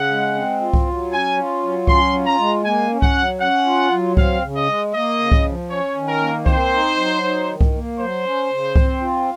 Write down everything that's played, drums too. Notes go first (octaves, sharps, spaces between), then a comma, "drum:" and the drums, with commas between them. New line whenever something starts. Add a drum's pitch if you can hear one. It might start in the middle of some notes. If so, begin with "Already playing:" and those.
Already playing: C#3 F#5
G#3
C4
F4
drum: kick C2
F#3
C#4 G#5
F4
F#3
C#4 C6, drum: kick C2
F4
A#5
G#3
A#3 G#5
C#4
F#5, drum: kick C2
F#3
C#4 F#5
F4
F#3
C4 F5, drum: kick C2
C#3
D#5
G#3
A#3 D#5
C#3
drum: kick C2
F3
C#4 C#5
D#3
A#4
A#3
C4 C5, drum: kick C2
D#4
F#3
D#4
D#3
drum: kick C2
A#3
F#3 C5
C#4
C#3
C4, drum: kick C2
F4